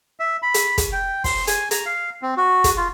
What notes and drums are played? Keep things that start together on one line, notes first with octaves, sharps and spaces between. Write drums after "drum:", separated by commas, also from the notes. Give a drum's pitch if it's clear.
E5
B5
drum: hi-hat
drum: kick, hi-hat
G5
C6, drum: kick, open hi-hat
G#5, drum: hi-hat
A#5, drum: hi-hat
F5
C4
F#4
drum: kick, hi-hat
F4